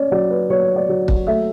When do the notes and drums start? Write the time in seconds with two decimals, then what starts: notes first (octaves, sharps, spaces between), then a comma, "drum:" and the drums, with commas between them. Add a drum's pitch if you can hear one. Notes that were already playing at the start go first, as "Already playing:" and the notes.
Already playing: C#4 C#5 D5
0.12 F#3 D5
0.30 B4
0.50 F#3 C#5
0.76 D5
0.89 F#3
1.08 drum: kick
1.27 A3 E5